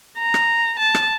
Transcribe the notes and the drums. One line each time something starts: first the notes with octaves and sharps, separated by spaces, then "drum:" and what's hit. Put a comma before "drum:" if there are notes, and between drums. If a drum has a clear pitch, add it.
A#5
drum: rim click
A5
drum: rim click